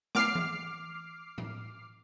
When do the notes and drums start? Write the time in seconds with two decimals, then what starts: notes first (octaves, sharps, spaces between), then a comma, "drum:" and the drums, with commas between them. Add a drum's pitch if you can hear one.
0.15 D6 F6 C7, drum: snare
0.35 drum: tom E3
1.38 drum: tom A2